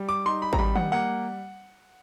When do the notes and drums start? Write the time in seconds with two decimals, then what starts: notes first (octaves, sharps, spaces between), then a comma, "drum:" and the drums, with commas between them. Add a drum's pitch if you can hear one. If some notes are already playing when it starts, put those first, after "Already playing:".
Already playing: G3
0.09 D6
0.26 D#4 C6
0.42 B5
0.53 A#5, drum: kick G#1
0.58 G3 B5
0.75 F#5, drum: tom D#3
0.92 A#3 F#5